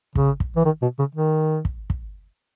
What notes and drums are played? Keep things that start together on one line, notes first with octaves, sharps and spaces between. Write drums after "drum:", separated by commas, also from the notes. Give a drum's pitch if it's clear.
C#3, drum: kick
drum: kick
E3
D#3
B2
C#3
D#3
drum: kick
drum: kick